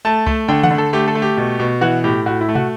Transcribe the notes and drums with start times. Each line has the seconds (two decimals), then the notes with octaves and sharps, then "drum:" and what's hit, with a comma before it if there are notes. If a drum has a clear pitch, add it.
0.05 A3 A5
0.26 A3, drum: kick C2
0.48 D3 G5
0.63 F#5, drum: tom D#3
0.71 D3
0.78 A4
0.93 A3 G4
1.08 A4
1.15 A3
1.22 G4
1.37 B2
1.59 B2
1.81 E3 F#4
2.04 A2 G4
2.26 A2 F#4
2.41 E4
2.49 A3
2.55 F#4, drum: tom